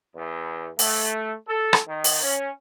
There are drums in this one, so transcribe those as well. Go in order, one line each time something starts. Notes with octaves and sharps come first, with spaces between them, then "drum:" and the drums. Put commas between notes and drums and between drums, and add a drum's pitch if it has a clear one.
E2
A3, drum: open hi-hat
A4
drum: rim click
D#3
drum: open hi-hat
C#4